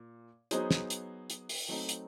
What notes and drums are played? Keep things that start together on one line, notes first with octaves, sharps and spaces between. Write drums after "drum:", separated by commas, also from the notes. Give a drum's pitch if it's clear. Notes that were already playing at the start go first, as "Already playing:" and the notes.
Already playing: A#2
F#3 B3 D#4 G#4 C5, drum: hi-hat
drum: snare
drum: hi-hat
drum: hi-hat
drum: open hi-hat
F#3 A3 C4 D#4
drum: hi-hat